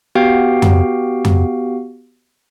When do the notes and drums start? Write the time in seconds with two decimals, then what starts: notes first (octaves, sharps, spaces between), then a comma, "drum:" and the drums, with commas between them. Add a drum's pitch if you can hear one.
0.15 B3 F#4 G4 F5 G5
0.62 drum: tom F2
1.25 drum: tom F2